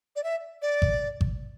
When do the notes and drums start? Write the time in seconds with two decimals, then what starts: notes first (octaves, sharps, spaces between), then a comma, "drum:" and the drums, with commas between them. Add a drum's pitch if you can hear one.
0.16 D5
0.24 E5
0.62 D5
0.82 drum: kick G#1
1.21 drum: kick G#1